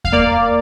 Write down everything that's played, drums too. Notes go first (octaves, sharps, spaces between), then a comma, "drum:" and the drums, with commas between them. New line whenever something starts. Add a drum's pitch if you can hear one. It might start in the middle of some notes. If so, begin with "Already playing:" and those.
F5, drum: kick E2
A#3 D5